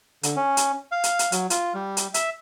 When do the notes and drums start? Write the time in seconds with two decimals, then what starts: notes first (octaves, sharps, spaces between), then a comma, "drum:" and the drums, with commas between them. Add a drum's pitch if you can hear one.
0.23 D3, drum: hi-hat
0.36 C#4
0.57 drum: hi-hat
0.92 F5
1.04 drum: hi-hat
1.19 drum: hi-hat
1.32 F#3, drum: hi-hat
1.50 F4, drum: hi-hat
1.74 G3
1.97 drum: hi-hat
2.14 E5, drum: hi-hat